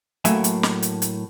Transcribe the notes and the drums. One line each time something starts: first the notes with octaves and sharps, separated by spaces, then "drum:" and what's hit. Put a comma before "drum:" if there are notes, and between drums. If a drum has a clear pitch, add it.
A2 F#3 A3 A#3 E5 G#5, drum: hi-hat
drum: hi-hat
drum: snare
drum: hi-hat
drum: hi-hat